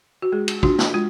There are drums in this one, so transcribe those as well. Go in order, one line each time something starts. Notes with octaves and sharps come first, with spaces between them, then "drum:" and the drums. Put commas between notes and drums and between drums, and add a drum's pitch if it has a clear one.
F#4
G#3 G#4
drum: cymbal
D4 F4 F#4, drum: kick
drum: snare
G#3 F4